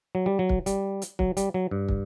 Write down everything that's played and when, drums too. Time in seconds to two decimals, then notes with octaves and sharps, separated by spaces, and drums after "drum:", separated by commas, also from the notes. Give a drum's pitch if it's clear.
0.15 F#3
0.26 G3
0.39 F#3
0.49 drum: kick
0.66 G3, drum: hi-hat
1.02 drum: hi-hat
1.19 F#3, drum: kick
1.37 G3, drum: hi-hat
1.54 F#3
1.71 G2
1.89 drum: kick